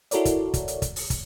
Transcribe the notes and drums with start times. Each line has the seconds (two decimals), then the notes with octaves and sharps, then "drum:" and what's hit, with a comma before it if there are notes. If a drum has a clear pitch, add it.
0.11 E4 F#4 A4 A#4 C#5 D5, drum: hi-hat
0.25 drum: kick, hi-hat
0.54 drum: kick, hi-hat
0.68 drum: hi-hat
0.82 drum: kick, hi-hat
0.96 drum: open hi-hat
1.10 drum: kick, hi-hat